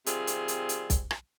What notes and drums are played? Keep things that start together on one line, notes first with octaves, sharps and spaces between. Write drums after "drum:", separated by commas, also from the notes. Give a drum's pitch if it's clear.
C3 D#3 G3 C4 F4 G#4, drum: hi-hat
drum: hi-hat
drum: hi-hat
drum: hi-hat
drum: kick B1, hi-hat
drum: rim click